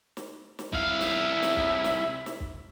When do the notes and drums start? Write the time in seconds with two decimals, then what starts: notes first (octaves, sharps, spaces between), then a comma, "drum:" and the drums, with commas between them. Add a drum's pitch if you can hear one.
0.17 drum: snare
0.59 drum: snare
0.73 C2 E4 F5, drum: kick
1.01 drum: snare
1.42 drum: snare
1.56 drum: kick
1.84 drum: snare
2.26 drum: snare
2.40 drum: kick